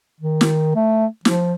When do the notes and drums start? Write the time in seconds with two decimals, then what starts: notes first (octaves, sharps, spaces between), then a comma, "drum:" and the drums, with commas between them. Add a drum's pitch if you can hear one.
0.21 D#3
0.41 drum: snare
0.75 A3
1.25 F3, drum: snare